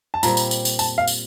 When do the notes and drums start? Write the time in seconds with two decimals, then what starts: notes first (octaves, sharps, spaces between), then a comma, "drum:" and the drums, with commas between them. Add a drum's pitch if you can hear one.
0.14 A5
0.23 A#2 G3 C4 A#5, drum: tambourine
0.37 drum: tambourine
0.51 drum: tambourine
0.65 drum: tambourine
0.79 A5, drum: tambourine
0.98 F5
1.07 drum: tambourine